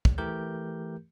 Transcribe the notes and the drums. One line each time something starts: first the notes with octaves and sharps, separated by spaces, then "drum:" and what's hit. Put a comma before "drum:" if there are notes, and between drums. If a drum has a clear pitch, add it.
drum: kick
E3 A3 G4 A#4 G6